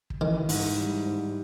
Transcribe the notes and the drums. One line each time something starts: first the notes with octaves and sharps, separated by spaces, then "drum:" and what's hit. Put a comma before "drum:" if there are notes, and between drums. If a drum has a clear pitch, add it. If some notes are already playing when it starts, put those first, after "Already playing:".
drum: kick
D#3 E3
G#2, drum: open hi-hat
G3
G#2